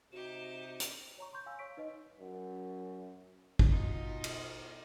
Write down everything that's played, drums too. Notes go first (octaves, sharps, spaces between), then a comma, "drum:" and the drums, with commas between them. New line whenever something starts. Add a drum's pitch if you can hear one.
C3 D#4 F#4 G4 E7
drum: hi-hat
C#5 A#5 C#6
C6 C#6 G6
F5 G#5 E6
C#5 C#6 B6 D7
D#4 B4 D#5
F#2
drum: kick
B2 D#4 F4
drum: cymbal